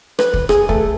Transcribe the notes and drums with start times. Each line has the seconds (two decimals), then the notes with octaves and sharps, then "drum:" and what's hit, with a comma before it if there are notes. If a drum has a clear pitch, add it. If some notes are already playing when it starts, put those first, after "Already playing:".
0.19 B4, drum: rim click
0.34 drum: kick
0.49 G#4, drum: rim click
0.69 A3, drum: kick